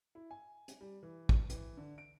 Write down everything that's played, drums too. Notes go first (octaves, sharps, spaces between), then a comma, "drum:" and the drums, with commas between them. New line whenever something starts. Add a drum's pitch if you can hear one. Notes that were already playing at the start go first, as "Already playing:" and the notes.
E4
G#5
drum: hi-hat
G3
E3
drum: kick
E3, drum: hi-hat
D3
D7